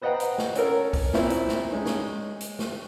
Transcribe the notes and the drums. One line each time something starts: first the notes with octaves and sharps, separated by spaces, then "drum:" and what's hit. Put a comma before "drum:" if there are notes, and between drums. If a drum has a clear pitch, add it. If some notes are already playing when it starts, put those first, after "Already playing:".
B4 C5 D#5 F#5 G5 A#5
drum: hi-hat
drum: snare
C#4 A4 A#4 C#5, drum: hi-hat
drum: kick B1, open hi-hat
A#2 C4 E4, drum: snare
drum: hi-hat
drum: snare
G#3 C#4 D#4
drum: snare
drum: hi-hat
drum: snare